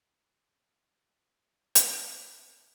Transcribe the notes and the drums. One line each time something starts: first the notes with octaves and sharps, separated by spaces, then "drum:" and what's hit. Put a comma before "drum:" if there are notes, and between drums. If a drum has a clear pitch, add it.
A4 B4
drum: hi-hat